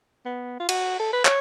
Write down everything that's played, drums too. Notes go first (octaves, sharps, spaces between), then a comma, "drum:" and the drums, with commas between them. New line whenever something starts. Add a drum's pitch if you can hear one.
B3
F4
F#4, drum: cymbal
A4
B4
C#5, drum: clap